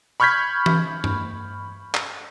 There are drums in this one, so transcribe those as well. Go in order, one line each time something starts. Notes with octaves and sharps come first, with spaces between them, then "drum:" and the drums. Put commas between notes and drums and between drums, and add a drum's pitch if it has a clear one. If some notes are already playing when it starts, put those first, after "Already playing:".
B5 C#6 F6 G6 G#6 B6
drum: tom E3
drum: tom G2
drum: clap